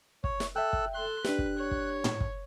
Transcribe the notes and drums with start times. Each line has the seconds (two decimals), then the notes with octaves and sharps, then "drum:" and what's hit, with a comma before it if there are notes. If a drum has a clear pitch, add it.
0.24 C#5, drum: kick
0.40 drum: snare
0.56 A4 E5 G5 E6 F#6
0.73 drum: kick
0.95 A4 C6 F#6
1.25 D4 G4 B4, drum: snare
1.39 drum: kick
1.58 C#5
1.71 drum: kick
2.04 drum: tom
2.21 drum: kick